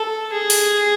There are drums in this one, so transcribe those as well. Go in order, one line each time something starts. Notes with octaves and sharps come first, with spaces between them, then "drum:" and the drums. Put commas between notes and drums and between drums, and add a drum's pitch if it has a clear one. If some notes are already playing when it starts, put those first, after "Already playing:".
Already playing: A4
G#4
drum: open hi-hat